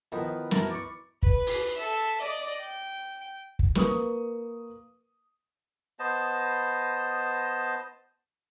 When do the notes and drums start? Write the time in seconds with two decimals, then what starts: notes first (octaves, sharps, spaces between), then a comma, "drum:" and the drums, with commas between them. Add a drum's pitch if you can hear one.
0.12 D#3 F3 B3 E4 B4
0.51 F#2 A#4 A5, drum: snare
0.70 D5 C#6
1.23 B4, drum: kick
1.47 drum: open hi-hat
1.76 A4 E5
2.22 D5 D#5
2.60 G5
3.59 drum: kick
3.75 A#3 A#4 B4 C#6 D#6, drum: snare
5.99 B3 C5 D#5 A5